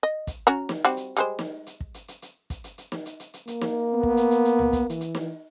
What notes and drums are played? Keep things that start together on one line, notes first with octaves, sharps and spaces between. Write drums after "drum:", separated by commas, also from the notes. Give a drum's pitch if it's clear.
D#5
drum: kick, hi-hat
C#4 F#4 A#5
drum: snare
G3 C4 F#4, drum: hi-hat
drum: hi-hat
G3 G#3 C5
drum: snare
drum: hi-hat
drum: kick
drum: hi-hat
drum: hi-hat
drum: hi-hat
drum: kick, hi-hat
drum: hi-hat
drum: hi-hat
drum: snare
drum: hi-hat
drum: hi-hat
drum: hi-hat
A#3, drum: hi-hat
drum: snare
B3
drum: kick
drum: hi-hat
drum: hi-hat
drum: hi-hat
drum: tom C#2
drum: kick, hi-hat
E3, drum: hi-hat
drum: hi-hat
drum: snare